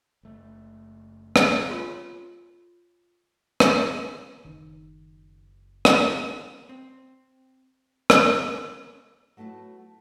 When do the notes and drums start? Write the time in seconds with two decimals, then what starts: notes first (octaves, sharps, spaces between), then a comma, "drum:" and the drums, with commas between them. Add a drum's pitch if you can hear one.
0.23 F#1 A3
1.36 drum: rim click
1.70 F4 A4 C#5 G#5 C6
3.60 drum: rim click
4.45 F#1 D#3
5.85 drum: rim click
6.69 C4
8.10 drum: rim click
9.37 F#3 A3 B3 E4 A5